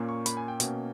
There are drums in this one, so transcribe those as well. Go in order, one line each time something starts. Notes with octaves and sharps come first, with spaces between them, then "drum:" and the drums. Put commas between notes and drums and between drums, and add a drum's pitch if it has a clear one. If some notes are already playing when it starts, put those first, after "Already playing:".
Already playing: A#2 A#3 C#4
C#6
B5, drum: hi-hat
G#5
G5
B2 A#3 C#4, drum: hi-hat